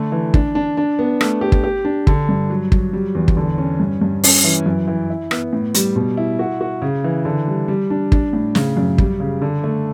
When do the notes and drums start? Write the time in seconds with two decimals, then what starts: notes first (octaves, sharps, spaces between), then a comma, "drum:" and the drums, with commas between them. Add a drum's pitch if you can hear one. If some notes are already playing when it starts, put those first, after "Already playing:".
Already playing: D3 A3
0.12 E3
0.34 D4, drum: kick
0.55 D4
0.77 D4
0.99 B3
1.21 A3, drum: rim click
1.41 G4
1.52 drum: kick
1.64 G4
1.85 D4
2.07 D3, drum: kick
2.29 G2
2.50 F#3
2.72 F#3, drum: kick
2.93 G3
3.15 E2
3.28 drum: kick
3.37 D3
3.58 C#4
3.80 G2
4.02 G2
4.24 C#4, drum: open hi-hat
4.44 E3
4.66 F#2
4.88 E3
5.10 E4
5.31 B3, drum: rim click
5.53 A2
5.74 G3, drum: hi-hat
5.96 B2
6.17 E4
6.39 F#4
6.61 F#4
6.82 C#3
7.04 E3
7.25 D3
7.48 G3
7.68 G3
7.90 D4
8.12 D4, drum: kick
8.33 A2
8.55 C#3, drum: snare
8.77 F#2
8.98 G3, drum: kick
9.20 C#3
9.42 D3
9.64 A3